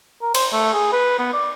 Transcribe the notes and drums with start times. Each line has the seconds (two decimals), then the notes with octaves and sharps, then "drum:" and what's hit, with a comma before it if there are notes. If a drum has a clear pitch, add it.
0.22 A#4
0.34 C5, drum: cymbal
0.52 A3
0.73 G#4
0.92 B4
1.19 B3
1.33 D5